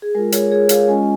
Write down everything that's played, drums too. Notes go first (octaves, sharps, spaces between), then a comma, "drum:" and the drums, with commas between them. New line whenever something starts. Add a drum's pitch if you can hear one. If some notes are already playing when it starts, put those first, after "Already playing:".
G#4
G#3 F4 A#4
G#4 C#5, drum: hi-hat
G#4 C#5
C#5 F5, drum: hi-hat
G#3 C#4 F4 D#5 G#5